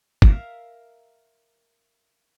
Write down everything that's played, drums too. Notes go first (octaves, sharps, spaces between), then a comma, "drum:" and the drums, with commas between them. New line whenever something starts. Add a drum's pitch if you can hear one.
A#4 E5 F5, drum: kick